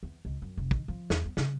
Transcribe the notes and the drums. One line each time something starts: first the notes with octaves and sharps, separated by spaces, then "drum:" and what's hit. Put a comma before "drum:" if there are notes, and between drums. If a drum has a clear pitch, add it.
E2
C#2
F#2
F1
D#3, drum: kick
F3
E2, drum: snare
B3
C#3, drum: snare